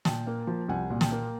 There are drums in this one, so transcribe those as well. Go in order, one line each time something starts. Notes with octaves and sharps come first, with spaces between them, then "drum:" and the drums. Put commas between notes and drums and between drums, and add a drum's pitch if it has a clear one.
A#2 G5 A5, drum: snare
A#3
F3
C2 F#5 G#5
A#2
G5 A5, drum: snare
A#3